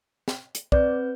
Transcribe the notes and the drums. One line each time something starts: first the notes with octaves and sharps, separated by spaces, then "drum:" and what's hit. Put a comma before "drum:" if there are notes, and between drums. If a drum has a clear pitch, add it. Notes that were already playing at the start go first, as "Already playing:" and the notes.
drum: snare
drum: hi-hat
C4 B4 D5 G6, drum: kick